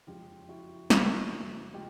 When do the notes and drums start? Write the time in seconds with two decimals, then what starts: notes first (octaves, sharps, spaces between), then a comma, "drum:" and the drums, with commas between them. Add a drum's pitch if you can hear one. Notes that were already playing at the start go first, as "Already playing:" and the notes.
0.07 F#1 F2 C#3 F3 G#3 F4 G4
0.49 E4 F#4
0.90 F#1 F2 C#3 F3 G#3 E4 F#4, drum: snare
1.74 G#3 F4 G4